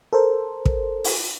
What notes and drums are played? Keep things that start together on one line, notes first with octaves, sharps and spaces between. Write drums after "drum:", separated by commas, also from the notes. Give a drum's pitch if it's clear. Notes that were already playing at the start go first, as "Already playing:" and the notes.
A4 A#4 C5
drum: kick
drum: open hi-hat